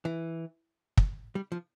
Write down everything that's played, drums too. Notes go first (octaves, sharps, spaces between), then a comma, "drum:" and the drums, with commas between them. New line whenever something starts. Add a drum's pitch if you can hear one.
E3
drum: kick
G3
F3